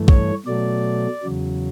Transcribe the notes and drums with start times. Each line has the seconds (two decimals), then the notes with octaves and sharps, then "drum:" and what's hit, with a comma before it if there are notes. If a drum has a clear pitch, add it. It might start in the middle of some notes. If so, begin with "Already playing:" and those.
Already playing: G2 E3 A3
0.08 C#5, drum: kick
0.46 B2 F#3 A3 D5
1.23 E2 C#3 F#3